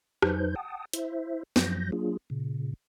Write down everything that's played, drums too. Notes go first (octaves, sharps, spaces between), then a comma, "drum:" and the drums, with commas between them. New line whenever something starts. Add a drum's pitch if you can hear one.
F2 F#3 D#4 B4 C5 G6, drum: rim click
F#5 G5 A5 D#6
E4 C5 E5, drum: hi-hat
F#2 F3 F#3 G6 A#6, drum: snare
F#3 A#3 D4 F4 G#4
A#2 C#3